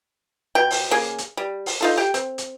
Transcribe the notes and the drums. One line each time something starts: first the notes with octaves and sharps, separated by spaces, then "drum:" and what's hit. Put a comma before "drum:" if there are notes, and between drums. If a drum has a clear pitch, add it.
B2 G5
drum: open hi-hat
C#3 A#3 G#4
drum: hi-hat
G3
drum: open hi-hat
D#4 F4 A4
G4 G5
C4, drum: hi-hat
drum: hi-hat